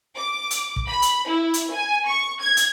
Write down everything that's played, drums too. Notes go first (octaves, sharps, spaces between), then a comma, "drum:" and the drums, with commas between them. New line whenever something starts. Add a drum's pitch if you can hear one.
D6
drum: hi-hat
drum: kick
B5
drum: hi-hat
E4
drum: hi-hat
G#5
C#6
G#6
drum: hi-hat